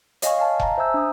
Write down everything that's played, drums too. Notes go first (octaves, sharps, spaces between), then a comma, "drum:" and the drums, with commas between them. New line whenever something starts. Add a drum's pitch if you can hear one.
C#5 D#5 F5 G#5 C#6, drum: hi-hat
D#5 F5 G#5 A5
A5 A#5, drum: kick F1
C5 E5 G#5 A#5 E6 G6
D4 D#6